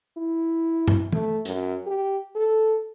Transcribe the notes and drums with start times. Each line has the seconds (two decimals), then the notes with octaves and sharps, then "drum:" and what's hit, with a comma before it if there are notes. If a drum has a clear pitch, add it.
0.18 E4
0.88 drum: tom G2
1.13 A3, drum: tom
1.45 F#2, drum: hi-hat
1.86 G4
2.35 A4